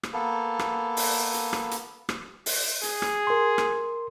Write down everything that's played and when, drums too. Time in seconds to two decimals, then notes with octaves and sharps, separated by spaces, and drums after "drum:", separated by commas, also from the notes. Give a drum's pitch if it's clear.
0.03 drum: rim click
0.13 A#3 B3 A4
0.59 drum: rim click
0.97 drum: open hi-hat
1.34 drum: hi-hat
1.53 drum: rim click
1.71 drum: hi-hat
2.09 drum: rim click
2.46 drum: open hi-hat
2.83 G#4, drum: hi-hat
3.02 drum: rim click
3.27 A#4 C6
3.58 drum: rim click